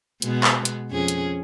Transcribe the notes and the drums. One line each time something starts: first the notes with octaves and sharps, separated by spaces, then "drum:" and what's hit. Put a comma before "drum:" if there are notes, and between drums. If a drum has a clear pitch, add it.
B2 G#3 B3, drum: hi-hat
drum: clap
drum: hi-hat
F2 C#4 G#4
drum: hi-hat